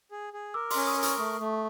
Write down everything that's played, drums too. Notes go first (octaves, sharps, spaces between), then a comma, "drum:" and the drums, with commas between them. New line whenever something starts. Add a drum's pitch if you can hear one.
G#4
G#4
A#4 D6 E6
C6 D6, drum: open hi-hat
C#4
C#6 D#6
A#4
C#6 D#6, drum: hi-hat
A3 C#6 D#6
A3